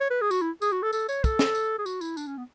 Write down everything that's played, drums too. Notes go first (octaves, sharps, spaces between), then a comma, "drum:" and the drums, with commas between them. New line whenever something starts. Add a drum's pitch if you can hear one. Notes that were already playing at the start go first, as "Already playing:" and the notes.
C#5
B4
G#4
F#4, drum: tambourine
E4
G#4, drum: tambourine
F#4
A4
A4, drum: tambourine
C#5, drum: tambourine
A4, drum: kick, tambourine
drum: snare
drum: tambourine
G#4
F#4, drum: tambourine
E4, drum: tambourine
D4, drum: tambourine
C#4
B3